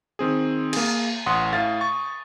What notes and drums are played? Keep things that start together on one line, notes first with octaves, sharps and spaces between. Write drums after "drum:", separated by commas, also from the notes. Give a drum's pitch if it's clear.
D#3 C4 G#4
A#3 G#4, drum: cymbal
A1 F#5 C6 D#6
A2 F5 A6
C#6 A6